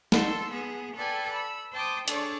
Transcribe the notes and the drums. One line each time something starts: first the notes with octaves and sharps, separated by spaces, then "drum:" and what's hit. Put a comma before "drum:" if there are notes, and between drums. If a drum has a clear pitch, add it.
A4 C6 E6, drum: snare
B3 G#4
A4 B4 D5 G5 G#5
B5 E6
C5 G5 A5 D6 D#6
D4 G#4 A4 C#5 D5, drum: hi-hat